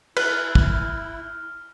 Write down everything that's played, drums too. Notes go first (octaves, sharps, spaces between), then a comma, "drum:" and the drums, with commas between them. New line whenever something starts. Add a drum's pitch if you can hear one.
E4 B4 F6 F#6, drum: cymbal
drum: kick